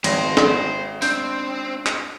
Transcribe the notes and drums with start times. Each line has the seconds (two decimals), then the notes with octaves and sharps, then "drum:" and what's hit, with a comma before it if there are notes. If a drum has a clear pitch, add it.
0.04 G#1 C5 A#6, drum: cymbal
0.37 drum: snare
1.02 C4 D4 G6, drum: open hi-hat
1.86 drum: clap